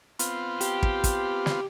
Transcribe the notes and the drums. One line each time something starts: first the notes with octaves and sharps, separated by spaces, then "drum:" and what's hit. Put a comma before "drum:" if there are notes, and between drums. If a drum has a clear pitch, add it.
B3 C4 F4, drum: hi-hat
G4, drum: hi-hat
drum: kick
drum: kick, hi-hat
drum: snare